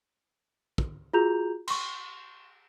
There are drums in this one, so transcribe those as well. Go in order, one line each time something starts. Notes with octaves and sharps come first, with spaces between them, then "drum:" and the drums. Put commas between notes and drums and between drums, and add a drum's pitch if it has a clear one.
drum: kick
F4 F#4 G#4 A#5 G6 F7
C6 C#6, drum: cymbal